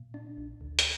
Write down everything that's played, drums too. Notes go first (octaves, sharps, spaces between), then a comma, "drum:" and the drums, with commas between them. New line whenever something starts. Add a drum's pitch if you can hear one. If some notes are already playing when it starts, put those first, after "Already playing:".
Already playing: A#2
D4
A#1
D2
drum: hi-hat